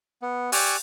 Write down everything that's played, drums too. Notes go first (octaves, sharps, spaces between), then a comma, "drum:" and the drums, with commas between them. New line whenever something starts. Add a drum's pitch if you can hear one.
B3
G4 D5 G#5 C#6 E6 F#6, drum: open hi-hat